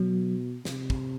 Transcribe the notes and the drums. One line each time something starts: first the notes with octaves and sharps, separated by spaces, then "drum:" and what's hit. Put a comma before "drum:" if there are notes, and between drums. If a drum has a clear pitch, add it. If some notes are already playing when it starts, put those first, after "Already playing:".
Already playing: B2 F#3
C3, drum: snare
drum: kick